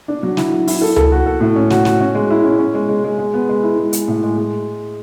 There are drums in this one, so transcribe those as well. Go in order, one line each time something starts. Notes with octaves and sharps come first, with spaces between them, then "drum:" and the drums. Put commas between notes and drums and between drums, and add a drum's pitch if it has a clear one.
D4
F#3
E4, drum: snare
E4
E4, drum: open hi-hat
A4
A4, drum: tom C#2
F#4
A4
A2
C#4
F#4, drum: snare
F#4, drum: snare
C#4
G#3
E4
C#4
C#4
G#3
G#3
G#3
G#3
B3
G#3
E4
G#3
G#3, drum: hi-hat
A2
G#3
G#3